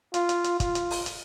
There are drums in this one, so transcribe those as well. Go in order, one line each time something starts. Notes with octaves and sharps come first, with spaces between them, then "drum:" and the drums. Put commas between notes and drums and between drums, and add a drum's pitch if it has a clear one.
F4, drum: hi-hat
drum: hi-hat
drum: hi-hat
F4, drum: kick, hi-hat
drum: hi-hat
drum: open hi-hat
drum: hi-hat